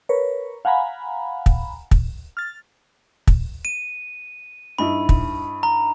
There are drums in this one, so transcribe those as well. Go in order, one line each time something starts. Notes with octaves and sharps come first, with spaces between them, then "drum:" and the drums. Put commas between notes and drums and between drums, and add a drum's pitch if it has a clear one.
A#4 B4 C#5
F5 F#5 G#5 A#5 B5
drum: kick
drum: kick
F6 A6
drum: kick
D#7
G2 D#4 E4 B5
drum: kick
A#5